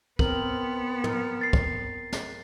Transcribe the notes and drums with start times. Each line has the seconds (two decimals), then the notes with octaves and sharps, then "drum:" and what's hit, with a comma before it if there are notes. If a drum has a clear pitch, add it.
0.19 B3 C4 A#4 F#7, drum: kick
1.04 A#4, drum: tom
1.41 A6 C7
1.53 drum: kick
2.12 drum: snare